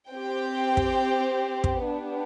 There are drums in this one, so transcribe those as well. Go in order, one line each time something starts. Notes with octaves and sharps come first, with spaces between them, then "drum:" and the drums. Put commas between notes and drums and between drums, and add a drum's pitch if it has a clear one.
C4 G4 G5
drum: kick
drum: kick
B3 D4 G4